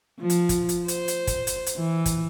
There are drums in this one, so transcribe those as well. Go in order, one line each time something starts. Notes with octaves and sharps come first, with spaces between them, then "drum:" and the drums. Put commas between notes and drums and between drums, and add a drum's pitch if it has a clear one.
F3
drum: hi-hat
drum: kick, hi-hat
drum: hi-hat
C5, drum: hi-hat
drum: hi-hat
drum: kick, hi-hat
drum: hi-hat
drum: hi-hat
E3
drum: kick, hi-hat